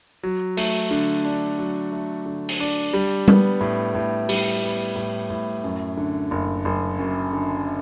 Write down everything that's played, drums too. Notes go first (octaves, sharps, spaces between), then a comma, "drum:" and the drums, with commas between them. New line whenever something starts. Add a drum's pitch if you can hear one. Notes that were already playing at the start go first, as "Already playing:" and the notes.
F#3
A3, drum: open hi-hat
D3
D4
F#3
A3
D3
drum: open hi-hat
D4
G3
B3, drum: tom G3
A2
A2
G3, drum: open hi-hat
B3
A2
A2
F#2
D3
F#1
F#1
F#2
D3